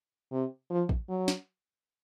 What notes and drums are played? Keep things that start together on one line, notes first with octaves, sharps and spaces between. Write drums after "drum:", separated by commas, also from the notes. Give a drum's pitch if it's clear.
C3
F3
drum: kick
F#3
drum: snare